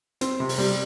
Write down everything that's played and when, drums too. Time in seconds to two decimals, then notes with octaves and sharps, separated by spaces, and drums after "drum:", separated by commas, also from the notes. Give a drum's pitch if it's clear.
0.21 C4, drum: hi-hat
0.40 C3
0.49 drum: open hi-hat
0.58 G3